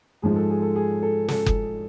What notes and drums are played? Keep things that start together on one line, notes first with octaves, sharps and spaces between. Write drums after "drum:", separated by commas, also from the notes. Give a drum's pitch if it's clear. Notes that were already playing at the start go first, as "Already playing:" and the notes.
G#2 F3 G#3 G#4
A4
G#4
A4
G#4
A4
A4, drum: snare
drum: kick F#1